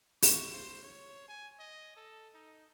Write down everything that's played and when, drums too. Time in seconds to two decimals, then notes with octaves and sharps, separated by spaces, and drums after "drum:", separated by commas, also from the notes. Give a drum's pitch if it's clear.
0.22 C#6, drum: open hi-hat
0.54 C5
0.83 C#5
1.28 G#5
1.60 D#5
1.96 A4
2.34 D#4